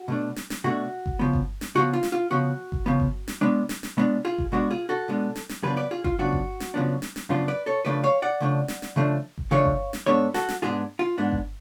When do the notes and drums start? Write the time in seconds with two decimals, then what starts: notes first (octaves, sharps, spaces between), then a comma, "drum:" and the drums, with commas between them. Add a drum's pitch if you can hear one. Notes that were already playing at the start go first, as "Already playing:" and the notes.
Already playing: F#4
0.08 B2 A3 D4
0.36 drum: snare
0.50 drum: snare
0.64 B2 A3 D4 F#4
1.06 drum: kick G1
1.19 C#3 F3 B3
1.33 drum: kick G1
1.61 drum: snare
1.75 C#3 F3 B3 F#4
1.93 F4
2.03 drum: snare
2.12 F4
2.31 C#3 F3 B3 F#4
2.72 drum: kick G1
2.86 C#3 F3 B3
3.00 drum: kick G1
3.28 drum: snare
3.41 B2 G#3 B3 D4
3.69 drum: snare
3.83 drum: snare
3.97 B2 G#3 B3 D4
4.25 F4 G#4
4.38 drum: kick G1
4.52 B2 G#3 B3 D4 F#4
4.71 F4 G#4
4.89 F#4 A4
5.08 B2 G#3 B3 D4
5.36 drum: snare
5.49 drum: snare
5.63 F#2 C#3 F3 B3 D4 G#4 B4
5.77 B4 D5
5.91 F4 G#4
6.04 F4, drum: kick G1
6.18 F#2 C#3 F3 B3 D4 F#4
6.33 drum: kick G1
6.60 drum: snare
6.74 F#2 C#3 F3 B3 D4
7.02 drum: snare
7.16 drum: snare
7.29 F#2 C#3 F3 B3 D4 F4
7.48 B4 D5
7.66 A4 C#5
7.85 C#3 F3 A3 D4 B4 D5
8.04 C#5 F5
8.22 D5 F#5
8.40 C#3 F3 A3 D4
8.68 drum: snare
8.82 drum: snare
8.96 C#3 F3 A3 D4
9.38 drum: kick G1
9.51 C#3 F3 A3 D4 C#5 F5
9.65 drum: kick G1
9.93 drum: snare
10.06 G#2 G#3 B3 D4 A4 C#5
10.34 F#4 A4, drum: snare
10.49 drum: snare
10.62 G#2 G#3 B3 D4 F4 G#4
10.99 F4
11.18 G#2 G#3 B3 D4
11.32 drum: kick G1